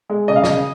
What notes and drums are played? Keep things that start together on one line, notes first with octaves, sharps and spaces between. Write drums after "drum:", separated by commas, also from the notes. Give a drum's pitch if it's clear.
G#3
C#3 D#5
F5
C#3 D#5, drum: snare